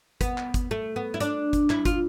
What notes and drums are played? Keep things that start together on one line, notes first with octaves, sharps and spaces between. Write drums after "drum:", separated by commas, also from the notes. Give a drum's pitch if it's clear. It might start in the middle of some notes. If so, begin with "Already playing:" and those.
B3, drum: kick G1, hi-hat
drum: clap
drum: kick G1, hi-hat
A3
B3
E4
D4, drum: hi-hat
drum: kick G1, hi-hat
E4, drum: clap
F4, drum: kick G1, hi-hat